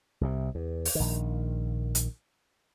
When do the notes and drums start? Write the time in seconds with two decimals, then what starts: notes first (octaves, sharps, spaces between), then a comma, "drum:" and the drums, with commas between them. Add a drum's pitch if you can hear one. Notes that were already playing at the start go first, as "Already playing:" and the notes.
0.21 C2 C3
0.55 E2
0.85 drum: open hi-hat
0.95 A#1 D#3
1.95 drum: hi-hat